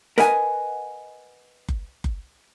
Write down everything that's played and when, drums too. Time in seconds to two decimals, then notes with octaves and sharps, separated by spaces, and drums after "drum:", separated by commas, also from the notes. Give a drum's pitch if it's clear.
0.18 A#4 B4 D#5 F#5 G#5, drum: snare
1.68 drum: kick F#1
2.04 drum: kick F#1